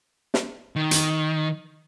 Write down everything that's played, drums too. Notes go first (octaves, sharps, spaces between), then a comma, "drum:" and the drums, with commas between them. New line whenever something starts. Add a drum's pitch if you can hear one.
drum: snare
D#3
drum: hi-hat